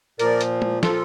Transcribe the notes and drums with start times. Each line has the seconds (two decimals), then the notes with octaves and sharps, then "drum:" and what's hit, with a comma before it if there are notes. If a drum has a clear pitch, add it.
0.19 A#2 F3 A#4 D5, drum: hi-hat
0.41 drum: hi-hat
0.62 drum: tom G#3
0.83 A#2 F3 F4 A4, drum: snare